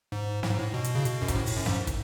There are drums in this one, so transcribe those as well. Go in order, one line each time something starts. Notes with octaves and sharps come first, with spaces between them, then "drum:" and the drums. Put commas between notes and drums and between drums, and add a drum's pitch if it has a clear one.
G#2
A2, drum: snare
G#2
A2
B2
drum: hi-hat
C#3
B2, drum: hi-hat
F#2
G#2, drum: kick, hi-hat
A2
drum: open hi-hat
F#2
G#2, drum: snare
drum: kick, hi-hat